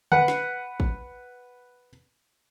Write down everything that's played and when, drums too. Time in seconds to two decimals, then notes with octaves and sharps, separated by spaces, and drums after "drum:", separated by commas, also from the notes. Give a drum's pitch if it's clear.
0.12 B4 F#5, drum: tom D3
0.28 drum: snare
0.80 drum: kick